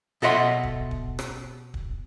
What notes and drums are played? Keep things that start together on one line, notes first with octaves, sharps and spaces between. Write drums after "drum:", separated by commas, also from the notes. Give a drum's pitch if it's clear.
B2 A4 D#5 E5 F#5 C6
drum: kick
drum: kick
drum: rim click
drum: kick